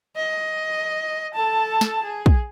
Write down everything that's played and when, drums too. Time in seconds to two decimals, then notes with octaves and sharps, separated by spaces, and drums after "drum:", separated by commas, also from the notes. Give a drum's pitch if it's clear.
0.16 D#5
1.34 A4 A5
1.81 drum: snare
2.03 G#4
2.26 drum: kick